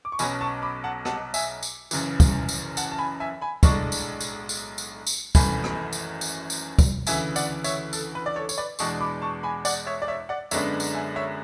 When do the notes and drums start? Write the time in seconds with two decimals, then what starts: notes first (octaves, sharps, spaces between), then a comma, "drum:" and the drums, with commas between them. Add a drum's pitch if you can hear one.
0.05 D6
0.12 C#6
0.19 B1 B2 F#3 C#4 G#5 B5, drum: tambourine
0.41 A5 C#6
0.62 B5 D6
0.84 F#5 A5
1.05 F#5 A5, drum: rim click
1.34 E5 G#5, drum: tambourine
1.63 drum: tambourine
1.91 F#1 F#2 C#3 E3, drum: tambourine
2.20 drum: kick, tambourine
2.49 drum: tambourine
2.77 F#5 A5, drum: tambourine
2.91 A5
2.98 G#5 B5
3.20 E5 G#5
3.41 G#5 B5
3.63 B1 A2 G#3 D4 A5 C#6, drum: kick, tambourine
3.92 drum: tambourine
4.21 drum: tambourine
4.49 drum: tambourine
4.78 drum: tambourine
5.07 drum: tambourine
5.35 G#1 F#2 E3 A3 G#5 B5, drum: kick, tambourine
5.64 drum: rim click
5.93 drum: tambourine
6.21 drum: tambourine
6.50 drum: tambourine
6.79 drum: kick, tambourine
7.07 D2 C#3 E3 E5 G#5, drum: tambourine
7.36 D5 F#5, drum: tambourine
7.64 C#5 E5, drum: tambourine
7.93 A4, drum: tambourine
8.15 B4
8.26 D5
8.36 A4 C#5
8.49 C#5, drum: tambourine
8.58 B4 D5
8.79 E2 B2 G#3 D4 A5 C#6, drum: tambourine
9.01 B5 D6
9.22 A5 C#6
9.43 G#5 B5
9.65 D5 F#5, drum: tambourine
9.86 C#5 E5
10.02 D5
10.08 C#5 E5
10.29 D5 F#5
10.51 F#2 D3 G#3 B3 D4 C#5 E5, drum: tambourine
10.80 drum: tambourine
10.94 E5 G#5
11.16 C#5 E5